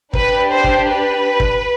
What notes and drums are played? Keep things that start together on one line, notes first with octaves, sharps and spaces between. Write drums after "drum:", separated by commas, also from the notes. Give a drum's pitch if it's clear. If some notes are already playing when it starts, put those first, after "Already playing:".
D4 G4 B4, drum: kick
C5
drum: kick
B4
drum: kick